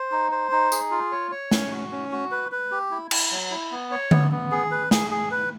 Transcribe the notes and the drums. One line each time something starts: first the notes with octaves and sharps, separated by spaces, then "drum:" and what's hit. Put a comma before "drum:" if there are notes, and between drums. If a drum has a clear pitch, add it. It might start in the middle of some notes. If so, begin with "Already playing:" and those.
Already playing: C5
D#4
C5
D#4
G#4, drum: tambourine
F4
C#5
C#5
C#4, drum: snare
F#4
C#4
F#4
B4
B4
G4
E4
E4, drum: cymbal
F#3
E4
B3
C#5
B3, drum: tom D3
B3
G#4
B4
G#4, drum: snare
G#4
B4